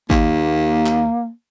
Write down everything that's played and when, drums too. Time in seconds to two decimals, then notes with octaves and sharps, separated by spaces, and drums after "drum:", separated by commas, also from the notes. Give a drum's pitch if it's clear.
0.10 D#2 A#3, drum: kick
0.86 drum: clap